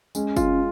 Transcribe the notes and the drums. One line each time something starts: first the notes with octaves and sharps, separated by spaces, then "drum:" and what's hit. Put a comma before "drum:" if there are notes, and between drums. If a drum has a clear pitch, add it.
G#3 C#4, drum: tambourine
F4, drum: kick, tambourine